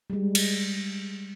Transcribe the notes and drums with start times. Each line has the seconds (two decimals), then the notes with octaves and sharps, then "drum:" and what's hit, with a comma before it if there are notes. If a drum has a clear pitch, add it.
0.10 G3 G#3
0.35 drum: cymbal